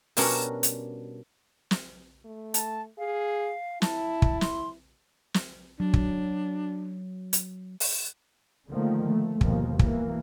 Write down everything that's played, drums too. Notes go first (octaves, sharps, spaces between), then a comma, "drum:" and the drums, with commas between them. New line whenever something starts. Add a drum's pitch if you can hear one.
B2 G3 C#4 D4 A#4 F#5, drum: open hi-hat
drum: hi-hat
drum: snare
A3
A5, drum: hi-hat
G#4 F5
E4 A5, drum: snare
drum: kick
C6, drum: snare
drum: snare
F#3 D4
drum: kick
drum: hi-hat
drum: open hi-hat
D3 D#3 F3 A3 A#3
A3
G1 D#2 B2 D#3 F3 A#3, drum: kick
B2 E3 A#3, drum: kick